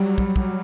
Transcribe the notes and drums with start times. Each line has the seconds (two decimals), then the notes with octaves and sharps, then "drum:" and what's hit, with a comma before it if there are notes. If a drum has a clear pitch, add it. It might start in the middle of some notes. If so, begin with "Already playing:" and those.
Already playing: F#3 G3
0.18 drum: kick
0.36 drum: kick